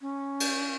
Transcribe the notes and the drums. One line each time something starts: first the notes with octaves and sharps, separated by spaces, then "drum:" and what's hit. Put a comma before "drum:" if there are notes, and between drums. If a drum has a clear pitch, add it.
C#4
drum: cymbal